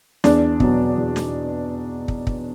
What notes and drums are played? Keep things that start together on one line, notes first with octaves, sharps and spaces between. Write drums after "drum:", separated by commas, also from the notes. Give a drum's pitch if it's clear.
E2 D4, drum: snare
B2 F#3, drum: kick
E2
drum: snare
drum: kick
drum: kick